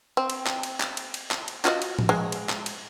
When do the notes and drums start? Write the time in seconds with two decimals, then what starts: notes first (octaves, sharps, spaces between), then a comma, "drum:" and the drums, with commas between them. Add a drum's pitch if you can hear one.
0.17 C4
0.30 drum: cymbal
0.46 drum: clap
0.63 drum: cymbal
0.80 drum: clap
0.97 drum: cymbal
1.14 drum: cymbal
1.31 drum: clap
1.48 drum: cymbal
1.65 F4 F#4 D#5, drum: clap
1.82 drum: cymbal
1.99 drum: tom
2.09 G#3
2.32 drum: cymbal
2.49 drum: clap
2.66 drum: cymbal